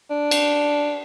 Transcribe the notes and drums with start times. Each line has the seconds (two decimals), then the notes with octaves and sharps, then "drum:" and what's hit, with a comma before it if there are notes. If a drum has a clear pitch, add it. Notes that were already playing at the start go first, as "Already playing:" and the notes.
0.10 D4
0.31 drum: cymbal